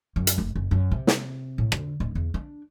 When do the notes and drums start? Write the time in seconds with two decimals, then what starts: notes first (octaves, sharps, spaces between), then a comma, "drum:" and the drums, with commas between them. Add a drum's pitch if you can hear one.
0.16 F#2
0.27 drum: hi-hat
0.38 F1
0.55 F#1
0.71 F#2
0.91 C3
1.07 drum: snare
1.58 A2
1.72 D3, drum: rim click
2.00 D1
2.15 E2
2.34 D4